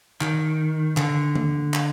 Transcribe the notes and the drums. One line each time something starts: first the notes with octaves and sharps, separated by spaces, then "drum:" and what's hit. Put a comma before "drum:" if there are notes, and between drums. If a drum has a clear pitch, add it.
D#3, drum: clap
D3, drum: clap
drum: tom D3
drum: clap